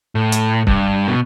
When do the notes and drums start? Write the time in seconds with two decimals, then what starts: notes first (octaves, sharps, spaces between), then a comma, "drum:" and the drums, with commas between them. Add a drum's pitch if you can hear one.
0.15 A2
0.32 drum: hi-hat
0.67 G2, drum: kick C#1
1.08 B2